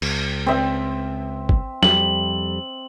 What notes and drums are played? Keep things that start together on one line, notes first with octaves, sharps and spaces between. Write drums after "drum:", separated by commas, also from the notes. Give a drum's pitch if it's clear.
C#2, drum: cymbal
C4 E5
drum: kick
F2 G3 F#7, drum: snare